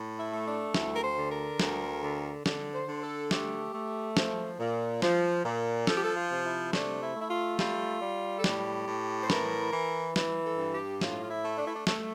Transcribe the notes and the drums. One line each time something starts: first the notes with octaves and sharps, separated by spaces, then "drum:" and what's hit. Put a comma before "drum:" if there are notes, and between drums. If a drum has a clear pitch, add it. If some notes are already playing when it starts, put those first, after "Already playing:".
Already playing: A2
E4
A3
D4
D2 E4, drum: snare
A#4
C5
D3
A#4
D2, drum: snare
D3
D3, drum: snare
C5
D3
A4
A3 G4, drum: snare
A3
F3, drum: snare
A#2
F3, drum: snare
A#2
F3 A4, drum: snare
G4
A4
F4
C3
E4
A3 D4, drum: snare
E4
A3
E4
F4
G3 F4, drum: snare
G3
A4
A2 G4, drum: snare
A2
C5
E3 A#4, drum: snare
E3
E3, drum: snare
A4
G2
G4
A2 F4, drum: snare
F4
E4
A3
D4
E4
D4
A3, drum: snare